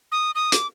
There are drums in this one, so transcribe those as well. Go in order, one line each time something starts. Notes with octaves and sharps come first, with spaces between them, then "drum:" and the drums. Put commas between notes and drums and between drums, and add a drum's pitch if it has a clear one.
D#6
D#6
D6, drum: hi-hat